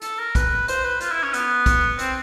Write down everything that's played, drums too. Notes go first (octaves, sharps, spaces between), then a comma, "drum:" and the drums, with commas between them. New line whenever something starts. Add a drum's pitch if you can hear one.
A4, drum: hi-hat
A#4
B4, drum: kick, hi-hat
C5, drum: hi-hat
B4
F4, drum: hi-hat
E4
C#4
B3, drum: hi-hat
drum: kick, hi-hat
C4, drum: hi-hat